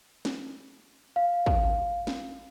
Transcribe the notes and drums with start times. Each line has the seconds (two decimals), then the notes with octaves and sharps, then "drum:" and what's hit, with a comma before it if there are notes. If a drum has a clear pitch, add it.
0.25 drum: snare
1.16 F5
1.46 drum: kick
2.07 drum: snare